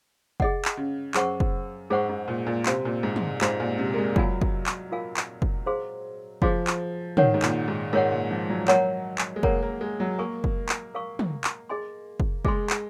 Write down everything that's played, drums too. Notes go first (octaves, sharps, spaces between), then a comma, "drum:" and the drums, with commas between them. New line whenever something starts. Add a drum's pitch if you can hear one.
G#4 D#5 F#5, drum: kick
drum: clap
C#3
F#2 G#4 C5 F#5 C#6, drum: clap
drum: kick
G#2 G#4 C5 F#5 C#6
G#2
A#2
A#2
C3 F#4 C5 F5 C6, drum: clap
A#2
G#2
drum: tom
G#2 F#4 C5 F5 C6, drum: clap
A#2
C3
A#3
G#3
F#3 F4 A#4 F5 G#5, drum: kick
drum: kick
drum: clap
F4 A#4 F5 G#5
drum: clap
drum: kick
G#4 C5 F5 C6
F3 G#4 C5 F5 C6, drum: kick
drum: clap
D#3 A#4 C#5 F#5, drum: tom
G#2
A#2, drum: clap
G#2
G#2 A#4 C#5 F#5
A#2
F3
F#3
F#3 A#4 C#5 F#5 A#5, drum: clap
drum: clap
G#3
A#3 A#4 C#5 F#5 A#5, drum: kick
A#3
G#3
F#3
A#3 A#4 F5 G#5 C#6
drum: kick
drum: clap
A#4 F5 G#5 C#6
drum: tom
drum: clap
G#4 D#5 G#5 C6
drum: kick
G#3 G#4 D#5 G#5 C6, drum: kick
drum: clap